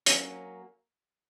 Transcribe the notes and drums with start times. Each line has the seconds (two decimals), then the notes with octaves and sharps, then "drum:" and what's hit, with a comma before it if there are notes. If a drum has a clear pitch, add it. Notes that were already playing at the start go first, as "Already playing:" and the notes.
0.06 F#3 A#3 C#4, drum: hi-hat